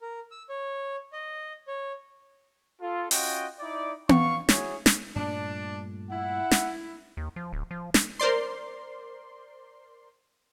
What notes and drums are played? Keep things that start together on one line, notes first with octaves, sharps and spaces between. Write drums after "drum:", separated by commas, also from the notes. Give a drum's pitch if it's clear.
A#4
E6
C#5
D#5
C#5
F4 A4
C#4 F4 F#4 D#5 G5, drum: open hi-hat
D#4 E4 D5
F5 C#6, drum: tom B3
E4 F#4 G#4 C#5, drum: snare
drum: snare
G2 A#2 A3 D4
E4 F#5
drum: snare
D#2
F3
D1
F3
drum: snare
A#4 C5 D5 C6